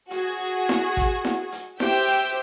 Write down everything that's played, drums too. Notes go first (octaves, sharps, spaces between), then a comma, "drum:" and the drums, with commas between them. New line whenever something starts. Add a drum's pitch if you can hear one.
F#4 G#4, drum: hi-hat
drum: snare E4
drum: kick, hi-hat
drum: snare E4
drum: hi-hat
G4 C5 E5 G5, drum: snare E4
drum: hi-hat